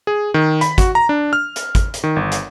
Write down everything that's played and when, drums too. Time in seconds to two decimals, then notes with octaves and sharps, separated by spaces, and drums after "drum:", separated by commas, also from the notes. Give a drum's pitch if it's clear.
0.07 G#4
0.34 D#3
0.61 B5, drum: hi-hat
0.78 F#4, drum: kick, hi-hat
0.95 A#5
1.09 D4
1.33 F6
1.56 drum: hi-hat
1.75 drum: kick, hi-hat
1.94 drum: hi-hat
2.04 D#3
2.16 G1
2.32 drum: hi-hat